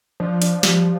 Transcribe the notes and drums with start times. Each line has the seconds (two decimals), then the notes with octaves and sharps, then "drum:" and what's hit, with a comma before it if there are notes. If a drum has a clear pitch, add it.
0.20 F3 D4
0.42 D4, drum: hi-hat
0.63 G3, drum: snare